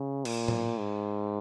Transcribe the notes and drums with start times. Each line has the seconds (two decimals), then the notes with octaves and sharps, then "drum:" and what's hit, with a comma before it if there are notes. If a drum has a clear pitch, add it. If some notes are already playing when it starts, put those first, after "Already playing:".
Already playing: C#3
0.25 A#2, drum: cymbal
0.48 drum: tom A2
0.79 G#2